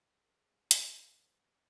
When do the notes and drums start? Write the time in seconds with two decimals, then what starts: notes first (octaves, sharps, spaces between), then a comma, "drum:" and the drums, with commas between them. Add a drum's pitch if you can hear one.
0.08 G4 A4
0.22 G#4 A#4
0.29 C5
0.36 A4 B4
0.71 drum: hi-hat
0.92 A#4 C5